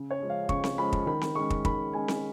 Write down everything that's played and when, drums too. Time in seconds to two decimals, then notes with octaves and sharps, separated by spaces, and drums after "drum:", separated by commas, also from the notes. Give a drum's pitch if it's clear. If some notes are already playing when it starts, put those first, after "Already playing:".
Already playing: C#3
0.11 C#5
0.20 F3 G#3 C#4
0.30 F5
0.49 C#3 C#6, drum: kick
0.64 drum: snare C4
0.78 F3 G#3 C#4 B5
0.93 drum: kick
1.06 D#3 B5
1.21 drum: snare C4
1.35 G#3 C#4 C#6
1.50 drum: kick
1.65 D#3 B5, drum: kick
1.93 G#3 C#4 G#5
2.08 drum: snare C4